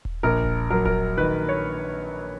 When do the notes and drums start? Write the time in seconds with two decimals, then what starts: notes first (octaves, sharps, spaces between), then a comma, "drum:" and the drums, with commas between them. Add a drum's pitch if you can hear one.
0.05 drum: kick D#1
0.23 A#1 A#4
0.44 drum: kick D#1
0.70 F#3 A#4
0.85 A#4, drum: kick D#1
1.18 D#3 B4
1.49 C#5